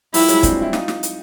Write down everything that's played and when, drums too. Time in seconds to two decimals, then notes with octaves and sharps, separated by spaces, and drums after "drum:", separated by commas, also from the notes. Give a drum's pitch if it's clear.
0.14 F3 G3 E4, drum: open hi-hat
0.28 F#3 G#3, drum: hi-hat
0.43 C4 D4, drum: kick, hi-hat
0.62 E4
0.73 D#4 F4, drum: snare
0.88 drum: snare
1.03 drum: hi-hat